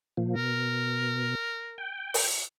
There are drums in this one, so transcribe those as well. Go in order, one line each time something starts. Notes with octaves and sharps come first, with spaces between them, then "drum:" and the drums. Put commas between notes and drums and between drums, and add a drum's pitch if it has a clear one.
A#2 F3
B2 A#4
G5
drum: open hi-hat